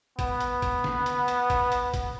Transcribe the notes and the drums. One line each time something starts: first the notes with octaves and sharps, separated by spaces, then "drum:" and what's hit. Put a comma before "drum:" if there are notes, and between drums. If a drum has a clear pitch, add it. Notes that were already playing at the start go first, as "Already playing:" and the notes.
B3, drum: kick, hi-hat
drum: hi-hat
drum: kick, hi-hat
drum: snare D3
drum: hi-hat
drum: hi-hat
drum: kick, hi-hat
drum: hi-hat
drum: kick, hi-hat